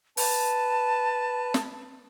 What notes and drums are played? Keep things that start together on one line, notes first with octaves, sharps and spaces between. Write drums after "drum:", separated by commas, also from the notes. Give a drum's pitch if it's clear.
B4 A5, drum: open hi-hat
drum: snare